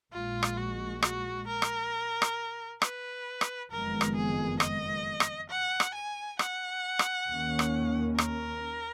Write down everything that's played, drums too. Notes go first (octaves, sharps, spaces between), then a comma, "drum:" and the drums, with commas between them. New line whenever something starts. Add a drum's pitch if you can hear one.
A#1 A#2 G#3 F4
drum: rim click
F#4
F#4, drum: rim click
A#4
drum: rim click
drum: rim click
B4, drum: rim click
drum: rim click
F#1 F2 D#3 G#3 B3 A#4
drum: rim click
G#4
D#5, drum: rim click
drum: rim click
F#5
drum: rim click
G#5
F#5, drum: rim click
drum: rim click
D#2 D#3 A#3 C#4
drum: rim click
A#4, drum: rim click